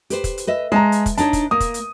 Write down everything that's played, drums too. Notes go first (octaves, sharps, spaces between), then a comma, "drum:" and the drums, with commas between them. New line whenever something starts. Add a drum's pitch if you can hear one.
G4 B4 C5, drum: hi-hat
drum: kick, hi-hat
drum: hi-hat
B4 D#5 E5
G#3 A5 A#5
drum: hi-hat
drum: kick, hi-hat
D4 D#4 C#5 A5, drum: hi-hat
drum: kick, hi-hat
A#3 D#6
drum: kick, hi-hat
drum: hi-hat